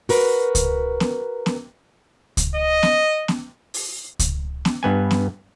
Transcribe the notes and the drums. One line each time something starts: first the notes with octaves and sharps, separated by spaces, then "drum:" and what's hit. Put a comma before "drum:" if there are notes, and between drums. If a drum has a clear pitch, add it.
F#4 A#4 B4, drum: open hi-hat
drum: kick C#2, hi-hat
drum: snare B3
drum: snare B3
drum: kick C#2, hi-hat
D#5
drum: snare B3
drum: snare B3
drum: open hi-hat
drum: kick C#2, hi-hat
drum: snare B3
G2 B3 G#5
drum: snare B3